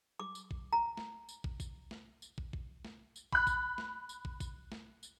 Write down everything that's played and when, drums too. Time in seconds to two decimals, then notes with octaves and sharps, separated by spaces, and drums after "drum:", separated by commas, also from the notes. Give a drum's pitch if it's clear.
0.20 D6
0.35 drum: tambourine
0.51 drum: kick
0.73 A#5
0.97 drum: snare
1.29 drum: tambourine
1.44 drum: kick
1.60 drum: kick, tambourine
1.91 drum: snare
2.22 drum: tambourine
2.38 drum: kick
2.53 drum: kick
2.85 drum: snare
3.16 drum: tambourine
3.33 B5 F#6, drum: kick
3.47 drum: kick, tambourine
3.78 drum: snare
4.09 drum: tambourine
4.25 drum: kick
4.40 drum: kick, tambourine
4.72 drum: snare
5.03 drum: tambourine